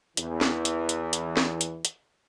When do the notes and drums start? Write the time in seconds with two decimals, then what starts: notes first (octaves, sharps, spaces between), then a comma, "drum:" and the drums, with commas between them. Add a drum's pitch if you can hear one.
0.17 E2 E3, drum: hi-hat
0.41 drum: snare
0.65 drum: hi-hat
0.89 drum: hi-hat
1.13 drum: hi-hat
1.37 drum: snare
1.61 drum: hi-hat
1.85 drum: hi-hat